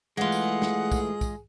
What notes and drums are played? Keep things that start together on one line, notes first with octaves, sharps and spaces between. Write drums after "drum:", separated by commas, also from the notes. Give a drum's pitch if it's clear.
E3 G#3 A3 F4 G#4 F#5
drum: tambourine
drum: snare
drum: kick, tambourine
drum: kick, tambourine